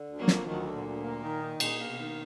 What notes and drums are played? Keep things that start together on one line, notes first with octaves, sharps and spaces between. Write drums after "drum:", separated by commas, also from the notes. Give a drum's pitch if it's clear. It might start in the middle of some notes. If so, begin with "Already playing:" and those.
Already playing: D3
D2
F#3 A#3
F3, drum: snare
D2 D#3 F#3
D3
A#2
D2
A#3
D#3
D#4
A#2 G#4, drum: cymbal
A#3
B2
D#3